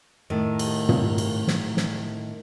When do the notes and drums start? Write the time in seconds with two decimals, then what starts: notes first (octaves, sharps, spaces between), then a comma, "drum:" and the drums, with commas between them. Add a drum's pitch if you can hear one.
0.30 A2 D#3
0.59 drum: cymbal
0.89 drum: tom
1.18 drum: cymbal
1.48 drum: snare
1.77 drum: snare